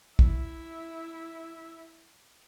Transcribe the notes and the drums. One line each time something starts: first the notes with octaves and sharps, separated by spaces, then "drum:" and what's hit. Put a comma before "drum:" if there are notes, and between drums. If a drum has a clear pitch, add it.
E4 E5, drum: kick